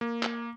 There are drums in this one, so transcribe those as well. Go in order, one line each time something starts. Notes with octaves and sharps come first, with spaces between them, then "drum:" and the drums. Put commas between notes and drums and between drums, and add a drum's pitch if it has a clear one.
A#3
drum: clap